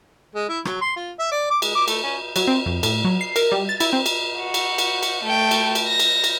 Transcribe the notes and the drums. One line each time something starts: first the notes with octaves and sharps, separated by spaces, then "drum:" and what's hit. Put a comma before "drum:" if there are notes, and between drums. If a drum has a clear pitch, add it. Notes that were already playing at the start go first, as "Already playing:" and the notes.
G#3
E4
F#3, drum: rim click
C6
F4
E5
D5
D6
G#3, drum: cymbal
D6
A3, drum: cymbal
C#4
F#3, drum: cymbal
C4
F2
A2, drum: cymbal
F#3
C7
A#4, drum: cymbal
G3
A6
E4, drum: cymbal
C4
drum: cymbal
F#4
drum: cymbal
drum: cymbal
drum: cymbal
A3 G5
drum: cymbal
drum: cymbal
A#6
drum: cymbal
drum: cymbal